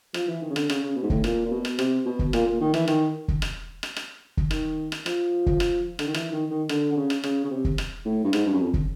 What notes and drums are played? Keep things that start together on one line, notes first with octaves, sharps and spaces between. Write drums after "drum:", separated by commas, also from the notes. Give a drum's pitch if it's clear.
F3, drum: rim click
E3
D#3
C#3
D3, drum: rim click
C#3, drum: rim click
C#3
B2
G#2
A2, drum: kick
A#2, drum: rim click
A#2
B2
drum: rim click
C3, drum: rim click
B2
drum: kick
A#2, drum: rim click
A#2
D#3
E3, drum: rim click
D#3, drum: rim click
drum: kick
drum: rim click
drum: rim click
drum: rim click
drum: kick
D#3, drum: rim click
drum: rim click
F3, drum: rim click
drum: kick
drum: rim click
D3, drum: rim click
D#3
E3, drum: rim click
D#3
D#3
D3, drum: rim click
D3
C#3
drum: rim click
C#3, drum: rim click
C#3
C3
drum: kick
drum: rim click
A2
G2
G#2, drum: rim click
G2
F#2
F2
drum: kick